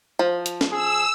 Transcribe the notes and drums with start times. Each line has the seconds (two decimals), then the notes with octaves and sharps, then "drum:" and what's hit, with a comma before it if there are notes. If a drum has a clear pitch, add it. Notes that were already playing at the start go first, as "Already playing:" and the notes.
0.19 F3
0.46 drum: hi-hat
0.61 drum: snare
0.72 G#4 E6